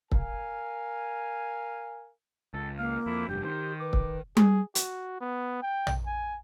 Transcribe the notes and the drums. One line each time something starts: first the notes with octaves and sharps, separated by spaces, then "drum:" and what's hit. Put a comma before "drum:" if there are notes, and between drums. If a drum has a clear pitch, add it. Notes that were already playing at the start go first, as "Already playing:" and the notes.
A#4 F5 G#5, drum: kick
C#2 A4
A#3 F5
F2 E4
F1 G2 G4 G5
D#3 C5
B4 D6
drum: kick
G#4, drum: tom G3
F#4, drum: hi-hat
B3
G5
drum: tom A#1
G#5